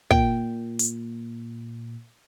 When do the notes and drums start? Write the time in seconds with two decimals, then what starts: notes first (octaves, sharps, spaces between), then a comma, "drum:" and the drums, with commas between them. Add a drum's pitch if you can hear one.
0.11 A#2 G5, drum: kick
0.79 drum: hi-hat